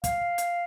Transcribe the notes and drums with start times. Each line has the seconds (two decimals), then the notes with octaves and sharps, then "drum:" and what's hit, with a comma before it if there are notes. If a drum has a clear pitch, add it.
0.04 F5, drum: kick, hi-hat
0.38 drum: hi-hat